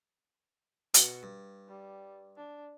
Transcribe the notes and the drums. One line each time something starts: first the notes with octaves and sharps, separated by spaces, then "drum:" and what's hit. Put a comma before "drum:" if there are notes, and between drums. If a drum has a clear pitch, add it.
B2 F#4, drum: hi-hat
G2
G3
D4